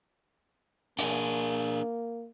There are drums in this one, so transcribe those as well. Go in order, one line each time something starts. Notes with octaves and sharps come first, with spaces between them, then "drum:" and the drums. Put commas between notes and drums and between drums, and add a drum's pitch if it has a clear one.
A#3 D4 G#4, drum: hi-hat